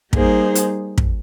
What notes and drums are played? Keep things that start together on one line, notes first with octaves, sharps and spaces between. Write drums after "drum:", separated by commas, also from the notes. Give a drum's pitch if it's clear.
G3 A#3 D#4 G#4 C5, drum: kick
drum: hi-hat
drum: kick